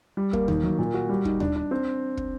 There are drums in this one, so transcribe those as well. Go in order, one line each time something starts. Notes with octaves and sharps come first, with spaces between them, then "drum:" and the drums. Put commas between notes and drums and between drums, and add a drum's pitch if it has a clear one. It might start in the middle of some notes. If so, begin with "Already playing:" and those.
G3
A#3, drum: kick
D#3, drum: tom D#2
F#3
A#2
F#4
G3
D#4, drum: kick
D4, drum: tom D#2
D4
C4
drum: kick